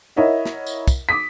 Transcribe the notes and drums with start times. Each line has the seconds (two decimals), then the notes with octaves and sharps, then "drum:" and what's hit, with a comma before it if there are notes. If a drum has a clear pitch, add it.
0.16 E4 A#4 C#5 D#5 E5 F#5
0.45 drum: snare
0.67 drum: tambourine
0.88 drum: kick, tambourine
1.09 D6 D#6 B6